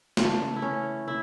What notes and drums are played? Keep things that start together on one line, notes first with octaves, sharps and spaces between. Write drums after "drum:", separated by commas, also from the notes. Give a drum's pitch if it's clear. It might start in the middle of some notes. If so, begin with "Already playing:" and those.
C#3 E3 A3, drum: snare
E4
C#4
E4